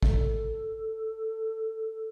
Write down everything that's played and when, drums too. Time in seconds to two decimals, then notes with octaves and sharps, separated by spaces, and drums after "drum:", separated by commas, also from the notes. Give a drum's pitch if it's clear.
0.03 A4, drum: kick A1